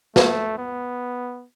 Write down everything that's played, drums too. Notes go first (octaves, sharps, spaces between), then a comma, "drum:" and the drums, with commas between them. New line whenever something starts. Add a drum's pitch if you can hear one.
A3, drum: snare
B3